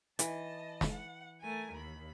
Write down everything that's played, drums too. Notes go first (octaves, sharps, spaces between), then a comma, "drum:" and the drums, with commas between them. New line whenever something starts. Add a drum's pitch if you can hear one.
E3 D#5 A5, drum: hi-hat
drum: snare
F#5
A3 A#4 G#5
D#2 B5